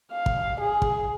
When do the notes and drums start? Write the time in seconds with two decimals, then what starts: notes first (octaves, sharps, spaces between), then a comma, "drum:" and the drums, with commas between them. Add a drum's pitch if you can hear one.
0.12 F5
0.26 drum: kick
0.60 G#4
0.82 drum: kick